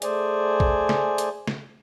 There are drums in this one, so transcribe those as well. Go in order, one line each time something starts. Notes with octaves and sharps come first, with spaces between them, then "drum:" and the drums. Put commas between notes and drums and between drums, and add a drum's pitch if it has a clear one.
A3 G#4 C5 D5 G#5, drum: hi-hat
drum: kick A#1
drum: snare
drum: hi-hat
drum: snare